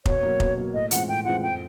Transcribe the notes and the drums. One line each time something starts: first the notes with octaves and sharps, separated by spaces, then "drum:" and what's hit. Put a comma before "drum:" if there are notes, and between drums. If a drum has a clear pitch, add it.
B2 C#5, drum: kick F1
F#3 A#3
B2, drum: kick F1
F#3 A#3
A2 D#5
E3 G#3 C4 F4 F#5, drum: hi-hat
A2 G5
E3 G#3 C4 F4 F#5
F2 G5